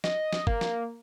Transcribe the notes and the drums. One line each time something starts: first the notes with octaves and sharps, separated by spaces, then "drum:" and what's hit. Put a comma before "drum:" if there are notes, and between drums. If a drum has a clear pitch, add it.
D#5, drum: snare
drum: snare
A#3, drum: kick G1
drum: snare